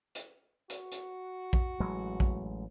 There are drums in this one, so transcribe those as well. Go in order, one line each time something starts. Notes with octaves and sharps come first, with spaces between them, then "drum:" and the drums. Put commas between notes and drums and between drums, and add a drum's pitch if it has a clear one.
drum: hi-hat
F#4, drum: hi-hat
drum: hi-hat
drum: kick A#1
A1 F#3 G#3
drum: kick A#1